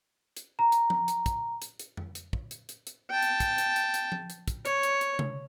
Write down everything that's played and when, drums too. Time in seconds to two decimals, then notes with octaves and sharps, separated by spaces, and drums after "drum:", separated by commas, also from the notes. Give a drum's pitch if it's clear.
0.37 drum: hi-hat
0.59 A#5
0.72 drum: hi-hat
0.90 drum: tom F3
1.08 drum: hi-hat
1.26 drum: kick, hi-hat
1.62 drum: hi-hat
1.79 drum: hi-hat
1.97 drum: tom F2
2.15 drum: hi-hat
2.33 drum: kick
2.51 drum: hi-hat
2.69 drum: hi-hat
2.87 drum: hi-hat
3.11 G5 A5
3.22 drum: hi-hat
3.40 drum: kick, hi-hat
3.58 drum: hi-hat
3.76 drum: hi-hat
3.94 drum: hi-hat
4.12 drum: tom F3
4.30 drum: hi-hat
4.48 drum: kick, hi-hat
4.65 C#5, drum: hi-hat
4.83 drum: hi-hat
5.01 drum: hi-hat
5.19 drum: tom C3